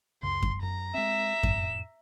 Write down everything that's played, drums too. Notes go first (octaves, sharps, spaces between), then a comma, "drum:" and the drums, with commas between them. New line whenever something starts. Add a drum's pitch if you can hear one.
C#2 F#2 C#3 C6
drum: kick F#2
F#2 A#5
G#3 C4 E5 E7
F2 A2, drum: kick F#2